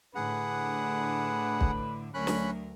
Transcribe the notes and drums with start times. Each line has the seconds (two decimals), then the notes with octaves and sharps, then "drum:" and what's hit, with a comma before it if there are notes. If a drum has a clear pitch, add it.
0.15 A2 D3 G#4 B4 F#5
1.61 drum: kick
2.14 D2 F#3 C#4 A#4 B5 F#6
2.27 drum: snare